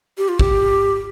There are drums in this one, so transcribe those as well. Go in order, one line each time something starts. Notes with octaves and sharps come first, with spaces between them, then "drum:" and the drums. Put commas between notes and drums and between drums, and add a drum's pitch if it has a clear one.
G4
F4
G4, drum: kick